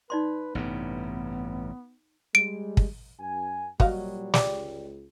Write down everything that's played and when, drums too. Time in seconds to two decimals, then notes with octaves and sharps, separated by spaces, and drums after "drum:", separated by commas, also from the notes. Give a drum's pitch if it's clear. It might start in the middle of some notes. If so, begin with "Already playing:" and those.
0.10 D#4 B4 D5 C6
0.55 A1 G2 C3 B3
2.35 G3 G#3 D7
2.77 drum: kick
3.19 F#2 G#5
3.80 A#2 F#3 G3 F#4 D#5 F5, drum: kick
4.34 C#2 G3 D5, drum: snare